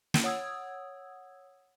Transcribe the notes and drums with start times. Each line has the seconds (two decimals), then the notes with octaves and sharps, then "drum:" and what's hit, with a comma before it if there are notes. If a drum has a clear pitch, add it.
0.14 drum: snare
0.24 C#5 F#5 D#6 E6 G#6